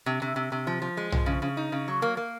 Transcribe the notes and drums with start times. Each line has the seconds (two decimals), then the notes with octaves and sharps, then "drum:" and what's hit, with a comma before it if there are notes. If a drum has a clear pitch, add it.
0.06 C3
0.22 C3
0.36 C3
0.52 C3
0.67 F3
0.82 F3
0.97 G#3
1.12 F3, drum: tom B1
1.26 C#3
1.42 C#3
1.57 D#4
1.72 C#3
1.88 F#3
2.02 A#3
2.17 A#3